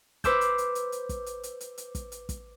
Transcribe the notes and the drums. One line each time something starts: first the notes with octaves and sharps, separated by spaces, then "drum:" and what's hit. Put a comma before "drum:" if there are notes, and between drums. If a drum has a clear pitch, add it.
B4 C5 D6 E6 G6, drum: kick, hi-hat
drum: hi-hat
drum: hi-hat
drum: hi-hat
drum: hi-hat
drum: kick, hi-hat
drum: hi-hat
drum: hi-hat
drum: hi-hat
drum: hi-hat
drum: kick, hi-hat
drum: hi-hat
drum: kick, hi-hat